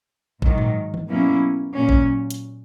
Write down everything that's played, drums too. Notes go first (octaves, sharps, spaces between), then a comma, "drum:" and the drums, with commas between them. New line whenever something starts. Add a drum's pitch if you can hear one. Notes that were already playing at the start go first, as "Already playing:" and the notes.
G#2 D#3 F#3, drum: kick
drum: tom A2
drum: tom D#3
B2 F#3 A#3 C#4 E4
A#2 F#3 C#4
drum: kick
drum: hi-hat